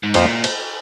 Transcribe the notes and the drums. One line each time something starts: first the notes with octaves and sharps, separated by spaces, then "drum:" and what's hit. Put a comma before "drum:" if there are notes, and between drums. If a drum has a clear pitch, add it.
G#2
F2 A#2 F3 A#3 F4 C5, drum: cymbal
drum: cymbal